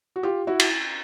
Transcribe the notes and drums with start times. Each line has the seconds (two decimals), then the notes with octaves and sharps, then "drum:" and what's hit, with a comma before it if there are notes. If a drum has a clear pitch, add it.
0.16 F#4
0.23 F4 G4
0.47 E4 F#4
0.59 drum: cymbal